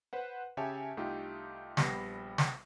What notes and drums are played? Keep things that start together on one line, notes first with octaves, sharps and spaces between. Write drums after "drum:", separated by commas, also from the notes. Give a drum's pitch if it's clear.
B4 C5 F#5
C#3 G4 C#5 E5 G#5 A5
C2 A3 D#4 F4 G4
A#1 G3 B3 B5 A#6 C7, drum: snare
drum: snare